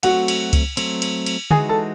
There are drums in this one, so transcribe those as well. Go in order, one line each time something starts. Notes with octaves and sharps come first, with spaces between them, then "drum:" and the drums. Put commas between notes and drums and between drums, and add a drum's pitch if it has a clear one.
F#3 A3 C4 F#4 F#5, drum: cymbal
drum: cymbal
drum: kick C#2, cymbal
F#3 A3 C4, drum: cymbal
drum: cymbal
drum: cymbal
E3 G#3 D#4 F#4 G#4 G#5, drum: tom D3
A4 A5